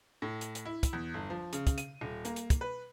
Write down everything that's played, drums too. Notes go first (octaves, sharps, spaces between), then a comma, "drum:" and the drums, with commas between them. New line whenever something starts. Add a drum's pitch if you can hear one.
A2
drum: hi-hat
drum: hi-hat
E4
drum: kick, hi-hat
E2
G1
F3
C#3, drum: hi-hat
drum: kick, hi-hat
D#7, drum: hi-hat
D#1
A#3, drum: hi-hat
drum: hi-hat
drum: kick, hi-hat
B4